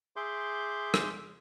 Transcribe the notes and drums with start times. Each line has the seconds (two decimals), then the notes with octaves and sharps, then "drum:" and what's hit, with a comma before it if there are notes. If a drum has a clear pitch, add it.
0.16 G#4 E5 C6 D6 G6
0.94 drum: rim click